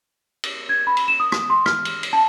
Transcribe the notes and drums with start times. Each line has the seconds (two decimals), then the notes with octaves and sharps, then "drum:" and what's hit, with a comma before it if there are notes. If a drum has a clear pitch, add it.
0.44 drum: cymbal
0.69 G#6
0.87 B5
0.97 drum: cymbal
1.08 E7
1.20 D#6
1.32 drum: rim click
1.50 C6
1.66 F6, drum: rim click
1.85 drum: cymbal
2.03 drum: cymbal
2.13 A5